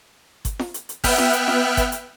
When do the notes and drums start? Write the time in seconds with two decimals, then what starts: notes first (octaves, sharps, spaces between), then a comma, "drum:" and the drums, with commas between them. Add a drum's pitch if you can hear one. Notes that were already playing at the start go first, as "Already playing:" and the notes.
0.45 drum: kick G1, hi-hat
0.59 drum: snare F4
0.74 drum: hi-hat
0.89 drum: hi-hat
1.04 B3 E5 G5 F6 F#6, drum: kick G1, open hi-hat
1.18 drum: snare F4
1.33 drum: hi-hat
1.48 drum: snare F4
1.77 drum: kick G1, hi-hat
1.92 drum: hi-hat